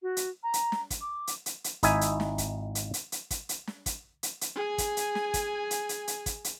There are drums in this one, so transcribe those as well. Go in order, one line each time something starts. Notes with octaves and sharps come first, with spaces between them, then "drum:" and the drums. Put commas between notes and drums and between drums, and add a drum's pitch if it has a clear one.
F#4
drum: hi-hat
A#5
drum: hi-hat
drum: snare
drum: kick, hi-hat
D6
drum: hi-hat
drum: hi-hat
drum: hi-hat
G#1 D#4 E4 E5 G#5, drum: kick, hi-hat
drum: hi-hat
drum: snare
drum: kick, hi-hat
drum: hi-hat
drum: hi-hat
drum: hi-hat
drum: kick, hi-hat
drum: hi-hat
drum: snare
drum: kick, hi-hat
drum: hi-hat
drum: hi-hat
G#4 G#5
drum: kick, hi-hat
drum: hi-hat
drum: snare
drum: kick, hi-hat
drum: hi-hat
drum: hi-hat
drum: hi-hat
drum: kick, hi-hat
drum: hi-hat